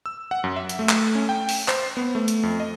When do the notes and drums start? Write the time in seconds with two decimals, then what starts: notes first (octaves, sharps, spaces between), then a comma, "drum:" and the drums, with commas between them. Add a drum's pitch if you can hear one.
0.06 E6
0.31 F#5
0.44 F#2
0.56 E5
0.69 drum: hi-hat
0.79 A3
0.89 drum: clap
1.15 C#4
1.29 G5
1.49 drum: open hi-hat
1.68 C5, drum: clap
1.97 B3
2.15 A3
2.28 drum: hi-hat
2.43 F2
2.60 D#5